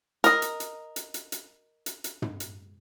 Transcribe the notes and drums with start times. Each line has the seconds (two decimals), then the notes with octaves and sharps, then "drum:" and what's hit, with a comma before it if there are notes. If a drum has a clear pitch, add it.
0.24 A#4 D#5, drum: hi-hat
0.42 drum: hi-hat
0.60 drum: hi-hat
0.96 drum: hi-hat
1.14 drum: hi-hat
1.32 drum: hi-hat
1.86 drum: hi-hat
2.04 drum: hi-hat
2.22 drum: tom
2.40 drum: hi-hat